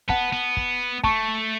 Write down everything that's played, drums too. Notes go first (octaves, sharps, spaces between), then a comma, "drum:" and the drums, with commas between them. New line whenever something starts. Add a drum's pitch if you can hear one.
B3 F#5 A5, drum: kick
B3
drum: kick
A3 A5 C#6, drum: kick